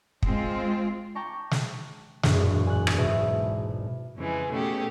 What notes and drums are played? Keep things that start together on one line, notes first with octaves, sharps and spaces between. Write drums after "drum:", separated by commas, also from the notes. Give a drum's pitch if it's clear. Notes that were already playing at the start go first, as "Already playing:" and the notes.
G#3 C4 F4, drum: kick
G5 A5 A#5 C#6 D6
drum: snare
E1 A#1 F#2 A2 D4, drum: snare
G#5 F#6
drum: rim click
G#1 B2 B4 E5 A5
F2 C#3 E3 G#3
B2 A3 C#4 G4 G#4